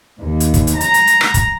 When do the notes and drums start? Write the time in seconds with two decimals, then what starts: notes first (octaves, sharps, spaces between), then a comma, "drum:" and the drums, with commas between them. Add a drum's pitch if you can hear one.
0.20 D#2
0.40 drum: hi-hat
0.54 drum: kick, hi-hat
0.67 drum: hi-hat
0.80 A#5, drum: hi-hat
0.94 drum: hi-hat
1.07 drum: hi-hat
1.21 drum: rim click
1.34 drum: kick, hi-hat